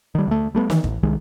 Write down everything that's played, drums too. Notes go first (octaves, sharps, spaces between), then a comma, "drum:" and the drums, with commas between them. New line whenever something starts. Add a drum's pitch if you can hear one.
D#3 G3
D2 A3
G3 A3 B3
D#3 E3, drum: snare
A1, drum: kick
C2 D#3 G#3